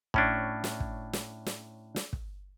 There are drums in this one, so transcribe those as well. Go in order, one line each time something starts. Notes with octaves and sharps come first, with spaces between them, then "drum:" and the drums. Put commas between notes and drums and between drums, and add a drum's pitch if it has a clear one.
A2 C#4 D4, drum: kick
drum: snare
drum: kick
drum: snare
drum: snare
drum: snare
drum: kick